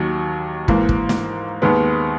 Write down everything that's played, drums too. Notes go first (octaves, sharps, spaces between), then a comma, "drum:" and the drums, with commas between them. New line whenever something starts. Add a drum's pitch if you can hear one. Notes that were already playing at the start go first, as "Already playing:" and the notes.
Already playing: D#2 D#3 F#3
G#2 E3 A#3, drum: kick
drum: kick
drum: snare
D#2 D#3 G#3 B3